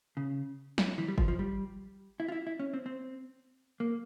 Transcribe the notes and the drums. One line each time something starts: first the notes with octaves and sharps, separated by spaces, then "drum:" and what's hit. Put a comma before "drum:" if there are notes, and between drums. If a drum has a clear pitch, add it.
C#3
drum: snare
E3
G3
F3, drum: kick G1
F3
G3
E4
F4
E4
E4
C#4
C4
C4
A#3